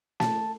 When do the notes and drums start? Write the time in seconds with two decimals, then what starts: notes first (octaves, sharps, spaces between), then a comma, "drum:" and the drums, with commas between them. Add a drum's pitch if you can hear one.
0.20 A5, drum: snare